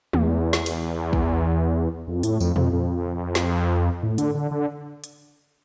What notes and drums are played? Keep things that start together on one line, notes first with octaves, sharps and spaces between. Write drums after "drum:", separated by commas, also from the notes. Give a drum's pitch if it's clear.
E2, drum: tom G#3
drum: snare
drum: cymbal
drum: kick
F2
A2, drum: hi-hat
F2, drum: tambourine
F2, drum: tom A#2
F2
drum: snare
A2
D3, drum: hi-hat
D3
D3
drum: hi-hat